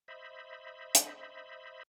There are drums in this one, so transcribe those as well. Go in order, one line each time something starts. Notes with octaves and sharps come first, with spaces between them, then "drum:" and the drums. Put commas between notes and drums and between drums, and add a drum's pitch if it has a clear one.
C5 D#5 E5 B5
drum: hi-hat